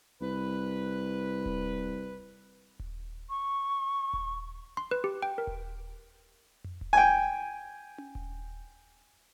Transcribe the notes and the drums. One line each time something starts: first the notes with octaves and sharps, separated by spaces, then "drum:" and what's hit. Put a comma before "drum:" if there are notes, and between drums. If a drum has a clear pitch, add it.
C2 B4
drum: kick D#1
drum: kick D#1
C#6
drum: kick D#1
C6
B4
G4
G5
A#4
drum: kick D#1
drum: tom F2
drum: kick D#1
G5 G#5
drum: tom C#4
drum: kick D#1